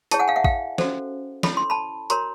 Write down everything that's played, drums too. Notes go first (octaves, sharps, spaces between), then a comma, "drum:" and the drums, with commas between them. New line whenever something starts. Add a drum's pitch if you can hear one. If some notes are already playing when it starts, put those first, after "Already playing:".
E4 G#4 C#5 G5 A5, drum: hi-hat
F#5 G#5
F5 G5
E5 F#5
F5 G5, drum: kick
C#4 F#4 A4 C5, drum: snare
E4 A4 C#5 B5, drum: snare
C6
A5 B5
F#4 A#4 C#5 A#5 C6, drum: hi-hat